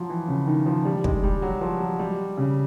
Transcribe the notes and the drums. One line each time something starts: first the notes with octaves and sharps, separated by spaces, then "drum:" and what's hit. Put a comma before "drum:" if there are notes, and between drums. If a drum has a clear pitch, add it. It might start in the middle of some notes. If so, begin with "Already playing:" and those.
Already playing: F3 F#3
E3
C#3
D#3
F3
G3
G#3, drum: kick
G3
F#3
F3
F#3
G3
C#3